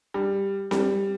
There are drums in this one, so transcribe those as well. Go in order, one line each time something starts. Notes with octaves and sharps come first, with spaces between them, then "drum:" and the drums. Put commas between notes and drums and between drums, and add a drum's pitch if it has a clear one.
G3
G3, drum: snare C4